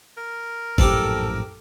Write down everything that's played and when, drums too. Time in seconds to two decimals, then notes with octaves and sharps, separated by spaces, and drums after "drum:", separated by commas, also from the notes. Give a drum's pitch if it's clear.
0.17 A#4
0.78 A#1 F#2 A2 C4 G4 A4, drum: kick G1